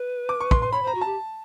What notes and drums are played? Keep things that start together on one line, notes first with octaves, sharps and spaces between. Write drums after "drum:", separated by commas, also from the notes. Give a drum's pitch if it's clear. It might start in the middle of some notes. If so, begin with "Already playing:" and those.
Already playing: B4
D6
C#6
C6, drum: kick
C6
C#5 B5
C5 A#5
F#4
G4 A5